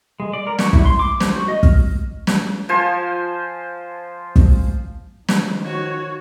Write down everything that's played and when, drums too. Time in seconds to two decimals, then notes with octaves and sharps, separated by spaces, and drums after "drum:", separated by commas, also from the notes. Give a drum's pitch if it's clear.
0.20 G#3
0.33 D5
0.47 A#4
0.59 F#4, drum: snare
0.73 E4, drum: kick
0.85 C6
0.99 D6
1.20 C5, drum: snare
1.36 F#4
1.48 D#5
1.63 F6, drum: kick
2.27 drum: snare
2.69 F3 F4 C5 G#5
4.36 drum: kick
5.28 D#3 F3, drum: snare
5.64 F#4 C#5